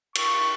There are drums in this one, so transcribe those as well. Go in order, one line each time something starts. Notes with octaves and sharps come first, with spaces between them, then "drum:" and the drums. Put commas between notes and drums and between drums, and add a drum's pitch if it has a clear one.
C#6, drum: cymbal